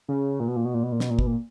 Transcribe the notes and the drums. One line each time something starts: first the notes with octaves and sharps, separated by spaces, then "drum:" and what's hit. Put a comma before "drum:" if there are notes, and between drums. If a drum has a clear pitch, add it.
C#3
A#2
B2
A#2
B2
A#2
B2
A#2
B2, drum: snare
A#2
B2, drum: kick
A#2